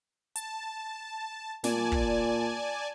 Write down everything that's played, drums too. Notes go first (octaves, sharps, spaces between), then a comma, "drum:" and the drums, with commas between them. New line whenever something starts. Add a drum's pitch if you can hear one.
A5, drum: hi-hat
A#2 D5 G#5 A5, drum: snare
drum: kick